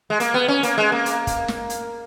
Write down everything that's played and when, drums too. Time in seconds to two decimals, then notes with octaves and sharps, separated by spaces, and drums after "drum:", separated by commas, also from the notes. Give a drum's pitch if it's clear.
0.10 G#3
0.20 A#3, drum: hi-hat
0.34 B3
0.48 C#4
0.63 A#3, drum: hi-hat
0.78 G#3
0.92 A#3
1.06 drum: hi-hat
1.27 drum: kick, hi-hat
1.48 drum: snare
1.70 drum: hi-hat